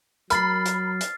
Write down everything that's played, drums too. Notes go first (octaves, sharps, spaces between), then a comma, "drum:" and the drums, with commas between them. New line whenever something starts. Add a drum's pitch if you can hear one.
F#3 A#4 B5 F6 A6 C7, drum: hi-hat
drum: hi-hat
drum: hi-hat